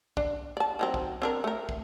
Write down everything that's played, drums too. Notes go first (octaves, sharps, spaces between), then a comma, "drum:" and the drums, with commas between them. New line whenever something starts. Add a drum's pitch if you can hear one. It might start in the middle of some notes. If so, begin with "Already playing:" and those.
D4, drum: kick
D5 A5
D#3 F#3 C4
drum: kick
C4 D4 A#4
A3 A#4
drum: kick